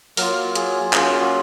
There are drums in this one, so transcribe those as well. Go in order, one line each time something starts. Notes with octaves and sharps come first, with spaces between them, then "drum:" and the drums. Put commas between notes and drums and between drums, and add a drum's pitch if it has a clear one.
F#3 A#3 F4 A#4, drum: open hi-hat
A#4
G#4, drum: hi-hat
F#3 A#3 C#4 F4 G#4, drum: clap
G#4
F#4